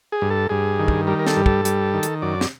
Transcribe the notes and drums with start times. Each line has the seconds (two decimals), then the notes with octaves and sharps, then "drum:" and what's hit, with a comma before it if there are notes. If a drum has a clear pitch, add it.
0.12 G#4
0.22 G2
0.30 A4
0.49 G2 G#4
0.79 D#3
0.88 drum: kick
1.07 G3 A#4
1.19 A#4
1.27 A4, drum: snare
1.36 G2
1.46 A4, drum: kick
1.65 G3, drum: hi-hat
1.94 D#3
2.03 drum: hi-hat
2.22 F#2 D5
2.41 drum: snare